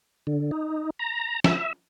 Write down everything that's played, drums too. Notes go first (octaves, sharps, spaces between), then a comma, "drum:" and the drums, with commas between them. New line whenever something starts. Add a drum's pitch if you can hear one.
D3
D#4
A#5
E5, drum: snare